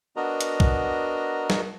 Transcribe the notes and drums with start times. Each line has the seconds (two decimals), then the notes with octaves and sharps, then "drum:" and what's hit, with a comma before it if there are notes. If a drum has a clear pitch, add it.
0.16 B3 D4 F#4 A#4 D#5 A#5
0.41 drum: hi-hat
0.60 drum: kick
1.50 drum: snare